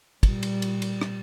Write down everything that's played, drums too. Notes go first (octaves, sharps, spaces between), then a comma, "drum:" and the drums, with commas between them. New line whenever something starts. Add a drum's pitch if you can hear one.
A#2 G3, drum: kick, cymbal
drum: cymbal
drum: cymbal
drum: cymbal
drum: rim click